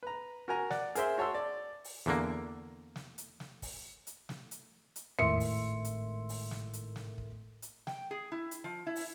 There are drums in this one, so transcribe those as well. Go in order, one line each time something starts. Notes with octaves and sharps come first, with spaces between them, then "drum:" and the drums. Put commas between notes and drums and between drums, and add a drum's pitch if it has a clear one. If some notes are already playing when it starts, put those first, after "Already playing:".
B4 A#5
F#4 A#4 G#5 A#5
D5 F#5, drum: snare
G#4 A#4 C5 E5 C6, drum: hi-hat
F#4 C#5 A5 C6 E6
D5
drum: open hi-hat
E2 D3 A#3
drum: snare
drum: hi-hat
drum: snare
drum: kick, open hi-hat
drum: hi-hat
drum: snare
drum: hi-hat
drum: hi-hat
G#1 A2 A#4 E5 C6 C#7, drum: tom E2
drum: open hi-hat
drum: hi-hat
drum: open hi-hat
drum: snare
drum: hi-hat
drum: snare
drum: kick
drum: hi-hat
G5, drum: snare
G#4
E4
drum: hi-hat
F3
E4
drum: open hi-hat